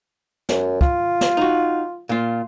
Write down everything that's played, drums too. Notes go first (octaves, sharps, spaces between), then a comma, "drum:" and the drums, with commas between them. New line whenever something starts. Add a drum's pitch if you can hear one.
F#2, drum: snare
F4, drum: kick
drum: snare
D#4 F#4
A#2 F4